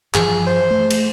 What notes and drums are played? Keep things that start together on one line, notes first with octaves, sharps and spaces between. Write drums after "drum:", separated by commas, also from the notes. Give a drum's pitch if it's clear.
G2 E3 F3 G#4, drum: clap
C5
A3
drum: cymbal